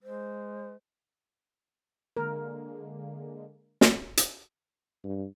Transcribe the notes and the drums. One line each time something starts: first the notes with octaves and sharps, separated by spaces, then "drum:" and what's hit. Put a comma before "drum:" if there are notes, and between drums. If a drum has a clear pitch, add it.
G#3 C5
D3 G#3 A#3 A#4
drum: snare
drum: hi-hat
G2